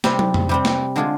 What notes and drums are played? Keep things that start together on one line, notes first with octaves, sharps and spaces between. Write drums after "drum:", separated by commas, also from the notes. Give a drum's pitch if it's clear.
C3 G3 C4, drum: snare
drum: tom
drum: tom F2
C3 G3 C4
drum: snare
D3 G#3 D4 F4 G#4